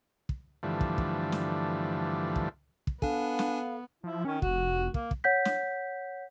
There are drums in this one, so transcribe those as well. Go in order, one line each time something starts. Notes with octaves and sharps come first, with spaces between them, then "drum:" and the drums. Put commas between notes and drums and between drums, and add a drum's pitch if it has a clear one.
drum: kick
G2 D3 E3 F3 A3
drum: kick
drum: kick
drum: snare
drum: kick
drum: kick
B3 D4 A4 F5 G#5, drum: kick
drum: snare
F3 E4
D#3 C#4
F1 F#4, drum: kick
A#3, drum: kick
drum: kick
C#5 F#5 G6 B6
drum: snare